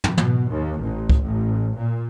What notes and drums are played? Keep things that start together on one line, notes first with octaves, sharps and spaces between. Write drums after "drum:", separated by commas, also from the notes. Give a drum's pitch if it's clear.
drum: tom
B2, drum: tom
D#2
A1
drum: kick C#2
A1
A#2